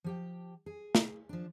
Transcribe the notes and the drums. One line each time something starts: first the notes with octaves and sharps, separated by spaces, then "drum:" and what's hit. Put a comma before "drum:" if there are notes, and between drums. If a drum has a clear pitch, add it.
F3 G4 G5
G#4
drum: snare
F3 D4